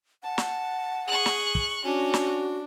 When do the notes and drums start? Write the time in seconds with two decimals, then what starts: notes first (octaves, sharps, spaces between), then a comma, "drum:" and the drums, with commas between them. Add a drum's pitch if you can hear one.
0.24 F#5 A5
0.38 drum: snare
1.08 G#4 C#6 F#6
1.26 drum: snare
1.55 drum: kick
1.84 C#4 D4 F#4
2.14 drum: snare